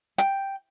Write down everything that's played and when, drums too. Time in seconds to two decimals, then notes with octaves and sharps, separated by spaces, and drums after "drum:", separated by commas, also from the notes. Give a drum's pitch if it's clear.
0.18 G5, drum: hi-hat